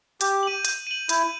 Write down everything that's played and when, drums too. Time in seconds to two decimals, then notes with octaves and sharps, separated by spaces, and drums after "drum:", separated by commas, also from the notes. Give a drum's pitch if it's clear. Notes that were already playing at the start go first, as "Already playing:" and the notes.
0.21 G4 G6, drum: hi-hat
0.43 D#7 F#7
0.65 G6, drum: hi-hat
0.87 D#7 F#7
1.09 E4 G6, drum: hi-hat